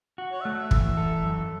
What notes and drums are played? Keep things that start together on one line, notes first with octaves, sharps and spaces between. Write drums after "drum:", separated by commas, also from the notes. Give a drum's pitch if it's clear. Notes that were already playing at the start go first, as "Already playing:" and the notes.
F#4
C#5
E5
A3 F#5
E5
E3, drum: kick
A4
F#2